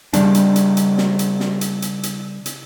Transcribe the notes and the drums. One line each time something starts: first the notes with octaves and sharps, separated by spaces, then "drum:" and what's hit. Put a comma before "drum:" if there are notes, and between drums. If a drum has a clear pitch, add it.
C#3 G3 D4, drum: hi-hat
drum: hi-hat
drum: hi-hat
drum: hi-hat
drum: snare
drum: hi-hat
drum: snare
drum: hi-hat
drum: hi-hat
drum: hi-hat
drum: hi-hat